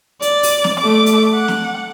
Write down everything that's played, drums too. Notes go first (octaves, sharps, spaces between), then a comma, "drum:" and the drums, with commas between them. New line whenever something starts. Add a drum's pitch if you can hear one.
D5, drum: hi-hat
drum: open hi-hat
drum: snare
A3 D6
drum: hi-hat
F#5
drum: snare